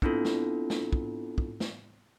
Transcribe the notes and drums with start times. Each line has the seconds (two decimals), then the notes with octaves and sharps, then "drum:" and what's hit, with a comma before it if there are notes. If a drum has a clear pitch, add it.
0.02 B3 C4 D4 E4 F4 A4, drum: kick
0.25 drum: snare
0.70 drum: snare
0.93 drum: kick
1.38 drum: kick
1.60 drum: snare